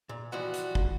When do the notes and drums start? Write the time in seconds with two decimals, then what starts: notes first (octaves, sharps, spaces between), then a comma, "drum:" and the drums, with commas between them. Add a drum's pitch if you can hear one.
0.09 A#2
0.32 E3 F3 G3 F#4
0.54 drum: hi-hat
0.75 drum: kick